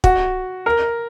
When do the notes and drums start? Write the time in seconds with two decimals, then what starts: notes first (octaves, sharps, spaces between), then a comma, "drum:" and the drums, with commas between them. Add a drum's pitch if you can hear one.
0.04 F#4, drum: kick
0.66 A#4